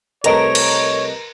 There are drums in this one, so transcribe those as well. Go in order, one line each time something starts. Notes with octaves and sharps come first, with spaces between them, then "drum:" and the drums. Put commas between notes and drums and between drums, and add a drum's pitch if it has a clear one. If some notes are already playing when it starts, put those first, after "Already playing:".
C2 A3 A#4 B4 C#5 D#5 A#5 D7, drum: hi-hat
drum: cymbal